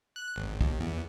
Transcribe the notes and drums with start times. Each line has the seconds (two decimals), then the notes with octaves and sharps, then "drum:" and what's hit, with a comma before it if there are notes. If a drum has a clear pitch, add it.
0.16 F#6
0.36 G#1
0.61 D#2, drum: kick
0.81 E2